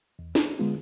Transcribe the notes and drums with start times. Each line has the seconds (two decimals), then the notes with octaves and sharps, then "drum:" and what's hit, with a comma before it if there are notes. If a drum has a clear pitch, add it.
0.19 E2
0.35 drum: snare
0.59 D3 G#3 B3 F4